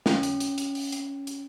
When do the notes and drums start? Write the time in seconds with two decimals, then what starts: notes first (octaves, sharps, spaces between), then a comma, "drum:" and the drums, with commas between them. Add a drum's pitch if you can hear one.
0.06 C#4, drum: snare
0.23 drum: hi-hat
0.40 drum: hi-hat
0.58 drum: hi-hat
0.75 drum: open hi-hat
0.92 drum: hi-hat
1.27 drum: hi-hat